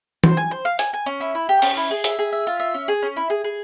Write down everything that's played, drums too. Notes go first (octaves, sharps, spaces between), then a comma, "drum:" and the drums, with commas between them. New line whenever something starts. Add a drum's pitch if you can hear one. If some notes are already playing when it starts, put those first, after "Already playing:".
C5, drum: tom E3
G#5
C5
F5
G#5, drum: hi-hat
G#5
C#4
E4
E4
G4
C#4, drum: open hi-hat
E4
G#4
E5, drum: hi-hat
G#4
E5
F4
E5
C#4
G#4
C#4
E4
G#4
G#4